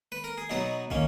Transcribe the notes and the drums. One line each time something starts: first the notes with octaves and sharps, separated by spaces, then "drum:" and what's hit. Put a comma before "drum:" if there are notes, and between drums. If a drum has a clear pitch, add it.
B4
A#4
G#4
B2 F#3 B3 D#4 F#4
D#3 A#3 C#4, drum: kick